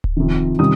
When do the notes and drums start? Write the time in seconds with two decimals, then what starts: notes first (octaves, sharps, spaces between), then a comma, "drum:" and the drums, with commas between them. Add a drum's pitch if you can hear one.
0.04 drum: kick D1
0.16 F2 C3 D#3
0.59 C3 D#3 G3 D#6